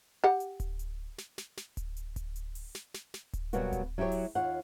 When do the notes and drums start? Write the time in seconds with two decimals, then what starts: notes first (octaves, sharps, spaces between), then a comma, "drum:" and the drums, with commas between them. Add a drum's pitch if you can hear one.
0.24 G4 F#5
0.40 drum: hi-hat
0.60 drum: kick D1, hi-hat
0.79 drum: hi-hat
1.18 drum: snare
1.38 drum: snare
1.57 drum: snare
1.77 drum: kick D1, hi-hat
1.97 drum: hi-hat
2.16 drum: kick D1, hi-hat
2.36 drum: hi-hat
2.55 drum: open hi-hat
2.75 drum: snare
2.94 drum: snare
3.14 drum: snare
3.33 drum: kick D1, hi-hat
3.53 B2 F#3 G3 A#3 B3 F#4, drum: hi-hat
3.73 drum: kick D1, hi-hat
3.98 F#3 E4 F#4 G4 C#5
4.12 drum: open hi-hat
4.35 D#2 F4 C#5 F#5